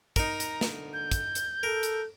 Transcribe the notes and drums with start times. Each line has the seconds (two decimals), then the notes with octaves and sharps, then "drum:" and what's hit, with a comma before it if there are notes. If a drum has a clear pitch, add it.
0.16 D#4 A#4 A#5, drum: kick, hi-hat
0.40 drum: hi-hat
0.61 D3, drum: snare
0.93 G6
1.11 drum: kick, hi-hat
1.35 drum: hi-hat
1.63 A4 A#4
1.83 drum: hi-hat